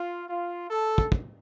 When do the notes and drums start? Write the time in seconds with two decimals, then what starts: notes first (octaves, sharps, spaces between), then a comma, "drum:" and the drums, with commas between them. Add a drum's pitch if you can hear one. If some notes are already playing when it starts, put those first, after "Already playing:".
Already playing: F4
0.29 F4
0.71 A4
0.98 drum: kick
1.12 drum: kick